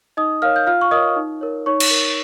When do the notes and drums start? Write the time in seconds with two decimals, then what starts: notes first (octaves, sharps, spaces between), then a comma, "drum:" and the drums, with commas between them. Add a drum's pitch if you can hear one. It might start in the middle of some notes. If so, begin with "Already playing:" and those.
0.17 D#4 D#5 D#6
0.42 A#4 C#5 F5 F6
0.56 G6
0.67 F4 F5 F6
0.81 C#6
0.91 A#4 C#5 D#5 D#6
1.16 D#4
1.41 A#4 C#5
1.66 D#4 C#5 C#6
1.80 drum: cymbal
1.91 A#4 C#5